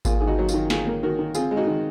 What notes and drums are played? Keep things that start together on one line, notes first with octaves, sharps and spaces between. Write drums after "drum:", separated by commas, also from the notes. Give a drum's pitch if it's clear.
A#3 F4 G#4, drum: kick G#1, tambourine
D#3 G#4
D#4 F#4
F#3
F4, drum: tambourine
D#3
D#3 F4 G#4, drum: snare
A#3
D#3 F#4 A#4
D#3
C4 F4 G#4, drum: tambourine
G#3
D#4 F#4
D#3